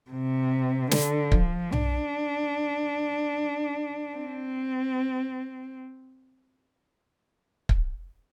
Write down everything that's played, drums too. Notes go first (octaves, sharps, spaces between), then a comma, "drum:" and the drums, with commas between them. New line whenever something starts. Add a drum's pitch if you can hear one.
C3
D3, drum: snare
F3, drum: kick
D4, drum: tom B1
C4
drum: kick